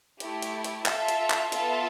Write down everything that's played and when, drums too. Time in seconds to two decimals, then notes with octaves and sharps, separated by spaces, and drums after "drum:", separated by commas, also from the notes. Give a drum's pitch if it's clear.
0.20 A3 E4 G4, drum: hi-hat
0.42 drum: hi-hat
0.64 drum: hi-hat
0.86 F4 A4 E5, drum: clap
1.08 drum: hi-hat
1.30 drum: clap
1.52 B3 F4 A4 E5 A5, drum: hi-hat